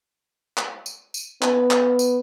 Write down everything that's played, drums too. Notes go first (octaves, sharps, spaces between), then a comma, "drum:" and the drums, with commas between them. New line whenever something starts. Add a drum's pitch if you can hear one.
drum: clap
drum: tambourine
drum: tambourine
B3, drum: clap
drum: clap
drum: tambourine